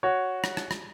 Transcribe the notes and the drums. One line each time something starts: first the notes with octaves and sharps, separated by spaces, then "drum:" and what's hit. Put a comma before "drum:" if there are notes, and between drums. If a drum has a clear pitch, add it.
F#4 C#5
drum: rim click
drum: rim click
drum: rim click